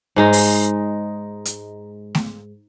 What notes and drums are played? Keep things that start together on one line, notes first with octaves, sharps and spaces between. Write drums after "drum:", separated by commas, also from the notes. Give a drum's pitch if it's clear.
G#2 G#3 D#4
drum: open hi-hat
drum: hi-hat
drum: snare A3